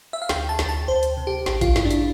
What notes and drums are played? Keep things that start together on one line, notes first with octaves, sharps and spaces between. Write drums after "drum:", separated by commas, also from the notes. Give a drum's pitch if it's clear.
E5
F5
D2 G5, drum: snare
A5
D2, drum: snare
A5
D2 C5
drum: hi-hat
C3
G4
A1 G4, drum: snare
F4, drum: kick A1, hi-hat
G2 E4, drum: snare
D4
E4, drum: hi-hat